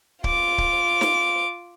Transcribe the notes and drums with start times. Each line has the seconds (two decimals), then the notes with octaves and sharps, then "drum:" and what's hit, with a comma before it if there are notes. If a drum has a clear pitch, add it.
0.24 F4 D6, drum: kick C#1
0.58 drum: kick C#1
1.01 drum: snare